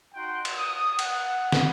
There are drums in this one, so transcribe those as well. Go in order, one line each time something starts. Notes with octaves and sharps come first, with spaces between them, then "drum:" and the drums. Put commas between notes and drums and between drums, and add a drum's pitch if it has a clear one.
D#4 F#4 F#5 G5 C6
drum: cymbal
D#6
F#5, drum: cymbal
drum: snare